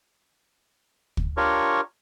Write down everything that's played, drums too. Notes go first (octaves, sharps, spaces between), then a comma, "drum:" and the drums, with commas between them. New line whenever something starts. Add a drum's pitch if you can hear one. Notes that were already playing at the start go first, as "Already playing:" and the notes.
drum: kick
D4 F4 G4 A#4 C#5 C#6